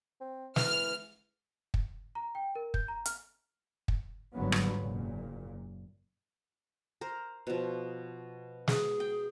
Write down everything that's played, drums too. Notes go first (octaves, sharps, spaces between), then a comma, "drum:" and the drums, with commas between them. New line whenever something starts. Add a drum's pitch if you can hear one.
C4
E3 F6, drum: snare
drum: kick
A#5
G5
A#4
G6, drum: kick
A#5
F6, drum: hi-hat
drum: kick
G1 D#2 G#2 D3 F#3 B3
drum: rim click
F#1 F#2 A#2
A#4 C5
B2 F3
G#4, drum: snare
G5